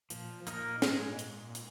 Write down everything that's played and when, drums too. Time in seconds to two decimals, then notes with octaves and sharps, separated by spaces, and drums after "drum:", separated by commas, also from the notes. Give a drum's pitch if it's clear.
0.10 A#2 F3, drum: hi-hat
0.47 A#3 D#4 A#4, drum: hi-hat
0.82 G#2 G#3, drum: snare
1.19 drum: hi-hat
1.55 drum: hi-hat